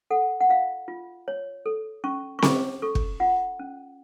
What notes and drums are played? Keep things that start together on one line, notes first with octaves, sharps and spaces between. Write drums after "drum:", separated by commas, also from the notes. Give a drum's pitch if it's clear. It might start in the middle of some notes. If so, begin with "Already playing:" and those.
A4 F#5
F#5
F4 F5
F4
C#5
A4
C#4 C#6
C#6
C#4 D6, drum: snare C4
A4 C#6
drum: kick
F4 F#5
C#4